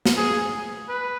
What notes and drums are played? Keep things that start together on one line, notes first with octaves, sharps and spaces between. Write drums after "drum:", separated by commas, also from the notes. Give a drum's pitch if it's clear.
drum: snare
G#4
B4